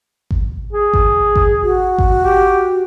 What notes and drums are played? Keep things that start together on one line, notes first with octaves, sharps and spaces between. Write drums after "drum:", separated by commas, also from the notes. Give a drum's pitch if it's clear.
drum: kick G#1
G#4
drum: kick G#1
drum: kick G#1
F#4
drum: kick G#1
G4